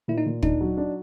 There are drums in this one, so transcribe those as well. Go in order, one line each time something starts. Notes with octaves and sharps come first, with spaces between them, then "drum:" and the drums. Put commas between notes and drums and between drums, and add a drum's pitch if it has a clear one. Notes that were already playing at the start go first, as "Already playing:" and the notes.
A#2 E4
D#4
A#2
D4 D#4, drum: kick
F#3
D4